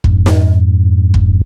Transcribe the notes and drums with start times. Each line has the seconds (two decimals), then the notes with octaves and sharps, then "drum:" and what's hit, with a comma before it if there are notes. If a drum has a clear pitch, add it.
0.04 F2 G#2, drum: kick
0.26 drum: snare
1.14 drum: kick